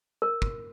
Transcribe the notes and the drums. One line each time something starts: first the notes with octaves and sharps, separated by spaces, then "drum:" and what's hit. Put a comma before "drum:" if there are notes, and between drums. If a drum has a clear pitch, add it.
A#4
drum: kick